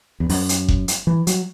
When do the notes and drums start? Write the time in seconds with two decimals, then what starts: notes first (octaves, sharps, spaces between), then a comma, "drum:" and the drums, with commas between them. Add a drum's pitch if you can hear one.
0.20 E2
0.29 F#2, drum: open hi-hat
0.49 drum: hi-hat
0.68 drum: kick F#1
0.88 drum: hi-hat
1.07 E3
1.27 F#3, drum: hi-hat